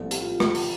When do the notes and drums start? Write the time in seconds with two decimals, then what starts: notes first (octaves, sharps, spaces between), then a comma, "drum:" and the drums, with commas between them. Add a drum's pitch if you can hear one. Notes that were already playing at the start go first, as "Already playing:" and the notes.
Already playing: A#1 A2 G3 C4 A4
0.11 G4, drum: hi-hat
0.21 F4
0.40 drum: rim click
0.55 drum: open hi-hat